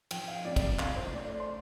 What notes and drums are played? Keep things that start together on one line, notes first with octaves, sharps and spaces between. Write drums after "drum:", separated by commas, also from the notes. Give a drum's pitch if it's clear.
F3 G5, drum: cymbal
F5
F2 D5
drum: kick, cymbal
C2 F5, drum: clap
C5
A3 D5
D5
C6